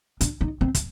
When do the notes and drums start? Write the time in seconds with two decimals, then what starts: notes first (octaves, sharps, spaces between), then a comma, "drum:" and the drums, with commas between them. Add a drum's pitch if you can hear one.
0.21 D4, drum: hi-hat
0.41 D#4
0.61 C4
0.75 drum: kick, hi-hat